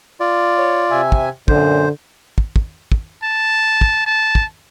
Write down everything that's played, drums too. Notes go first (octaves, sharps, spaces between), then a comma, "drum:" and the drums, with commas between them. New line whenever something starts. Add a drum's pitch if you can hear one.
F4 D5
C#5
C3 E5 G#5
drum: kick
F#2 A#2 D3 C5, drum: kick
drum: kick
drum: kick
drum: kick
A5
drum: kick
A5
drum: kick